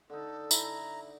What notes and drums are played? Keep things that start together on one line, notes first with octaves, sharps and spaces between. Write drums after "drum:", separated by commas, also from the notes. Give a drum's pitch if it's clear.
D3 D#4 A4
E4 A#5, drum: tambourine